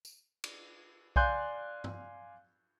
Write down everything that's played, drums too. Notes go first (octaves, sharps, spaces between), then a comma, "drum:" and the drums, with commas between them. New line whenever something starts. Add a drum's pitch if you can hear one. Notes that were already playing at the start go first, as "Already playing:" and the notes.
drum: tambourine
drum: cymbal
D5 F5 G#5 C6 F#6 G6, drum: kick B1
drum: tom G2